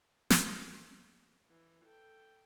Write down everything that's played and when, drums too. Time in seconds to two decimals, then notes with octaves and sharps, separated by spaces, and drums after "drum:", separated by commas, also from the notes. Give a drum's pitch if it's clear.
0.30 drum: snare
1.50 E3
1.85 A4 G5